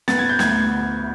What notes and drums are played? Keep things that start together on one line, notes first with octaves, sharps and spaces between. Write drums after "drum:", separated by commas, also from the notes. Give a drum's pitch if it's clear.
B3 A6, drum: snare
G#6
G6
D2 G#6, drum: snare